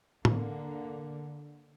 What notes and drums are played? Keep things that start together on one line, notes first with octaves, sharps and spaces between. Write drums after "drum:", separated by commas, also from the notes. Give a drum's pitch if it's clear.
D3 A#3, drum: tom